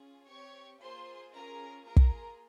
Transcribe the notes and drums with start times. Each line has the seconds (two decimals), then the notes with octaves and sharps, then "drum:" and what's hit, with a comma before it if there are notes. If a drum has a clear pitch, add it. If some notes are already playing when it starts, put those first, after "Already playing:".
Already playing: C#4 F4 G#4
0.27 C4 G4 C#5 C#6
0.81 A#3 F4 G#4 C5 C6
1.33 C#4 F4 G#4 A#4 A#5
1.86 A#3 F4 G#4 A#4 A#5
1.96 drum: kick